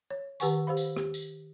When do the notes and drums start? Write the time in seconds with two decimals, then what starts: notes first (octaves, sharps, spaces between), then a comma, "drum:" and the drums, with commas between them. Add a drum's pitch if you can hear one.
0.10 C#5
0.40 D#3 G4 B4 F#5 G#5 C#6, drum: tambourine
0.67 G4 C5 F5 B5
0.77 drum: tambourine
0.97 G4, drum: rim click
1.14 drum: tambourine